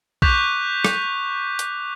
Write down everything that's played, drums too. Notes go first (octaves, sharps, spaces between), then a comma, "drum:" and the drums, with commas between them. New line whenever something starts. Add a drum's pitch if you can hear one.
C#6 D6 F#6 G6 B6 F7, drum: kick B1
drum: rim click
drum: hi-hat